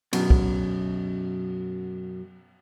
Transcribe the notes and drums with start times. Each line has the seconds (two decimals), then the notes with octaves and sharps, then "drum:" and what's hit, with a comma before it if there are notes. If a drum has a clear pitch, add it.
0.13 F#2 B2, drum: cymbal
0.30 drum: kick